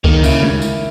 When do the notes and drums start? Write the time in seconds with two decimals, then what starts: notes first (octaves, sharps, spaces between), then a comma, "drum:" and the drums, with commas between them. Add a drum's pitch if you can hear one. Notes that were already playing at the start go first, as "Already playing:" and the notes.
0.04 D#3 A#3, drum: kick C#2
0.24 C#3 E4, drum: tambourine
0.43 drum: tom G#3
0.62 drum: tambourine